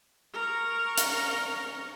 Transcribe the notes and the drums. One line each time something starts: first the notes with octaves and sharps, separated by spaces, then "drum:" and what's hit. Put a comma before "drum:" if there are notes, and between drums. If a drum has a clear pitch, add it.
A#4 C#6
drum: hi-hat